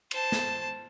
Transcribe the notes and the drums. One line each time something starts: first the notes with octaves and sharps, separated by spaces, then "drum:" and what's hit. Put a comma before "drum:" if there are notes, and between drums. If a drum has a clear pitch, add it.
C5 A5, drum: cymbal
drum: snare